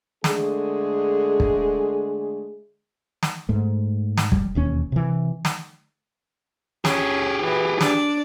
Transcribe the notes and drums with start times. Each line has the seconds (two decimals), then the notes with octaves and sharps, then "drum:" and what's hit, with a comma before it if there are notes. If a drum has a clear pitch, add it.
0.24 D3 G#3 A3 G#4, drum: snare
1.40 drum: kick
3.23 drum: snare
3.49 G#2 A3
4.17 drum: snare
4.32 G3, drum: kick
4.55 E1 D#2 C#4
4.92 C3 E3
5.45 drum: snare
6.85 C#4 G4 G#4, drum: snare
7.43 E3
7.81 D4 D5, drum: snare